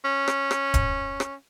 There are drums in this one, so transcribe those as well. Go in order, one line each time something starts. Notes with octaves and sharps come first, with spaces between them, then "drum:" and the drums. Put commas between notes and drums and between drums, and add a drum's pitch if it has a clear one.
C#4
drum: rim click
drum: rim click
drum: kick, hi-hat
drum: rim click